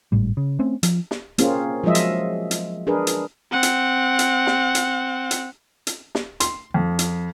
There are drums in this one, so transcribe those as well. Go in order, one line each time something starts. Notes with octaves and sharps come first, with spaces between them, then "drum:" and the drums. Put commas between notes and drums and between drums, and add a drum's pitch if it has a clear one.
G#1 A2 G3
C#3
A3 C4 C#4
F3, drum: hi-hat
drum: snare
A#3 C4 C#4 F4 G#4, drum: hi-hat
F3 F#3 G#3 F4 D#5 E5
drum: hi-hat
drum: hi-hat
D4 G#4 A#4 B4
drum: hi-hat
C4 F#5
drum: hi-hat
drum: hi-hat
drum: snare
drum: hi-hat
drum: hi-hat
drum: hi-hat
drum: snare
C6, drum: hi-hat
F2
drum: hi-hat